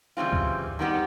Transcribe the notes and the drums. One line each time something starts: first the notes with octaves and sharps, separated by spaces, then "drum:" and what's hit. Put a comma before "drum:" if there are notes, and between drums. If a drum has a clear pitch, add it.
C#3 E3 G3 C4 F4
drum: kick C#2
D#3 G3 B3 D#4 G4